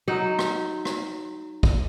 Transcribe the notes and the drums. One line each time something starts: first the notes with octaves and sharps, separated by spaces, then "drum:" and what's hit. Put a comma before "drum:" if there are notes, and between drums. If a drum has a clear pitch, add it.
F#3 D#4
drum: rim click
drum: rim click
drum: kick